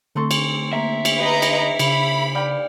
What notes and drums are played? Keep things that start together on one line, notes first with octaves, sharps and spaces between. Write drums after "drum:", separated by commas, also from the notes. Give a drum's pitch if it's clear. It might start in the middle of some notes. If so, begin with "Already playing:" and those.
D3 A3 C4 A4 C6 C#6
drum: cymbal
A#3 E5
drum: cymbal
G4 B4 D#5 A#5
drum: cymbal
C#3 B4 B5, drum: cymbal
D5 F5 G5